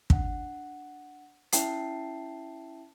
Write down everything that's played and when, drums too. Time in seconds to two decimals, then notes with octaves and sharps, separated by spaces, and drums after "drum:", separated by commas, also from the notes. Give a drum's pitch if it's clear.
0.10 D4 F#5, drum: kick
1.52 C#4 E4 E5 G5 A5 C7, drum: hi-hat